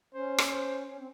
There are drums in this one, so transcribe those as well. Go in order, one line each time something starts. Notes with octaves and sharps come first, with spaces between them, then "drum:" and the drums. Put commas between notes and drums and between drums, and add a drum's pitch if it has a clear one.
C#4 C5
drum: rim click
C5
C#4
C4